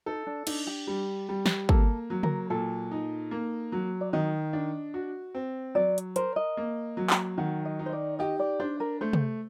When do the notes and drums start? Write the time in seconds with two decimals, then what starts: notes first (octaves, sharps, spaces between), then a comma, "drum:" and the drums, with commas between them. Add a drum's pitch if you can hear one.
0.06 D#4 A4
0.27 D4
0.47 D4 D#4, drum: cymbal
0.67 G4
0.87 G3
1.29 G3
1.46 drum: snare
1.69 A#3 A4, drum: kick
2.10 F#3
2.23 A#4, drum: tom C#3
2.50 A#2 A4
2.91 D#4
3.31 A#3
3.72 F#3
4.01 D5
4.13 D#3 D#5
4.53 D4
4.94 F#4
5.35 C4
5.75 F#3 D5
5.98 drum: hi-hat
6.16 A#4 C5, drum: hi-hat
6.36 D#5
6.57 A#3
6.97 F#3
7.10 drum: clap
7.38 D#3 F#5
7.65 D#5
7.79 D#4
7.86 C5
7.93 D5
8.19 G4 D#5
8.39 D5
8.60 D4 C5
8.80 A#4
9.01 A3 C5
9.13 drum: tom C3